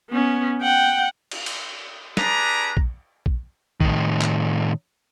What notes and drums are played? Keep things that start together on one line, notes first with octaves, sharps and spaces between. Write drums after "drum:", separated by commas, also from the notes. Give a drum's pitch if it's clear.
B3 C#4
F#5 G5
drum: cymbal
drum: cymbal
G3 D4 G#4 B4 A#5, drum: snare
drum: kick A#1
drum: kick A#1
A2 D#3, drum: kick A#1
drum: clap